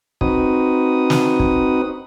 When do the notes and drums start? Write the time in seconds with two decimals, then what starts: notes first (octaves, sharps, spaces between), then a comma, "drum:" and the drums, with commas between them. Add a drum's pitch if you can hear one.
0.21 C4 D#4 F#4 B4 D#6, drum: kick
1.10 drum: snare
1.40 drum: kick